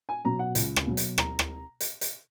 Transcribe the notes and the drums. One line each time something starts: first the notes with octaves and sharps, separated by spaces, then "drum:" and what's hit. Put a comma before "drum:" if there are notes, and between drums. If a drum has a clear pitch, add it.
G#5
B2 F#3 A#5
F#5
C#2, drum: hi-hat
drum: rim click
B2 F#3
drum: hi-hat
A#5, drum: rim click
drum: rim click
drum: hi-hat
drum: hi-hat